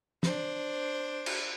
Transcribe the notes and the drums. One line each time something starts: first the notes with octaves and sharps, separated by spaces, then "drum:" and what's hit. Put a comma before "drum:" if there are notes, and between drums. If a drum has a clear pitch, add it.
D4 C5, drum: snare
drum: cymbal